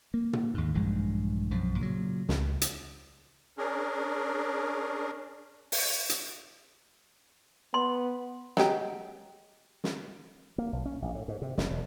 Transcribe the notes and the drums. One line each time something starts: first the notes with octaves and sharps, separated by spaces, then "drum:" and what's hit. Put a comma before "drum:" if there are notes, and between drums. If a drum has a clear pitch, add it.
A#3
drum: tom
D#2 G#2
A#1 G2 E3 G#3
B1 F#2 F3
A#2 C#3 F3 F#3
C#2, drum: snare
drum: hi-hat
C#4 D4 G#4 A#4
drum: open hi-hat
drum: hi-hat
B3 C6
F#3 G#3 G4, drum: snare
drum: snare
A#3
B1
C#4
A#1
A2
G#2
C3
F#1, drum: snare
E1